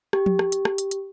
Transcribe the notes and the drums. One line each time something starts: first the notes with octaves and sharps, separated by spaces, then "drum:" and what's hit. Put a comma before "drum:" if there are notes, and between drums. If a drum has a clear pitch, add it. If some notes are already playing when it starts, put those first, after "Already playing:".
G4, drum: rim click
drum: tom F3
drum: rim click
drum: hi-hat
drum: rim click
drum: hi-hat
drum: hi-hat